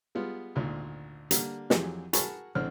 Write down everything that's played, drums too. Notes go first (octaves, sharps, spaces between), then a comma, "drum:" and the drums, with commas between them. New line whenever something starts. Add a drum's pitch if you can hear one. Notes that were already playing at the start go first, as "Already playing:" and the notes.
G3 G#3 B3 F4
G#1 D2 A#2
D3 G3 A#3, drum: hi-hat
F2 E3 F#3 G4 G#4, drum: snare
F#4 G#4 A#4 A5 B5 C#6, drum: hi-hat
A1 D3 C4 F6